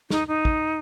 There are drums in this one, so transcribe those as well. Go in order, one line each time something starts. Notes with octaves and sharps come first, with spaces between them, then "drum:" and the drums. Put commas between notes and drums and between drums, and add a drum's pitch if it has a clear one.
D#4, drum: snare
D#4
drum: kick